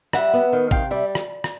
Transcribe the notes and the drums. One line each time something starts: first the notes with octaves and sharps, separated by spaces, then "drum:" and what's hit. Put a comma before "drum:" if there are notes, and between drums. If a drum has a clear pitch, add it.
G3 E5 F#5, drum: rim click
B3
D#3
C3 F5 G5, drum: kick
G3 D5 E5
drum: rim click
drum: rim click